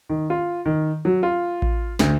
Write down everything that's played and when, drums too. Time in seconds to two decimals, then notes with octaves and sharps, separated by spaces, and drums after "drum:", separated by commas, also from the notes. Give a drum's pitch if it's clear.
0.10 D#3
0.30 F4
0.66 D#3
1.05 F#3
1.23 F4
1.62 drum: kick A1
1.99 D2, drum: snare